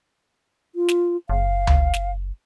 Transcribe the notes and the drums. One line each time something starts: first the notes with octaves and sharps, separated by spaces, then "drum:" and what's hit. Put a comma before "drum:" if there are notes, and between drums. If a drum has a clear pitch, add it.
F4
drum: snare
F#1 F5
drum: tom C#2
drum: snare